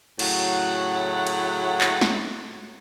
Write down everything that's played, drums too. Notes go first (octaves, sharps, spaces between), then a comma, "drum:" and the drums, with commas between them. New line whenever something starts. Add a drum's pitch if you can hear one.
A2 C#3 F#3 F#5, drum: cymbal
drum: cymbal
drum: clap
drum: snare